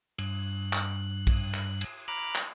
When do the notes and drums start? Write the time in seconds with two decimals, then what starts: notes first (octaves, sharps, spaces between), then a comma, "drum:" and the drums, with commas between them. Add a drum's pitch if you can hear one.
0.18 G2 F#6, drum: cymbal
0.73 drum: clap
1.27 drum: kick A#1, cymbal
1.54 drum: clap
1.81 drum: cymbal
2.08 A#5 B5 D6 F6 F#6
2.35 drum: clap